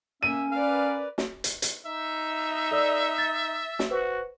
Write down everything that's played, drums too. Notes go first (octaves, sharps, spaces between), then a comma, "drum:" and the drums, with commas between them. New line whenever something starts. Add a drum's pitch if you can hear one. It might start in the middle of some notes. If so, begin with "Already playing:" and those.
A#3 C#4 E5 D#7
A#4 B4 D5 F5
drum: snare
drum: hi-hat
drum: hi-hat
D#4 E5
A4 D5 E6
A6
drum: snare
F#4 B4 C5